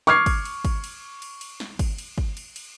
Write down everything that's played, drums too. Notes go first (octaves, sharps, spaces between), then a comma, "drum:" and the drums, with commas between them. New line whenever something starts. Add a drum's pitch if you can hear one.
C#6 D6 F6 G#6 C7, drum: snare
drum: kick, cymbal
drum: cymbal
drum: kick, cymbal
drum: cymbal
drum: cymbal
drum: cymbal
drum: snare
drum: kick, cymbal
drum: cymbal
drum: kick
drum: cymbal
drum: cymbal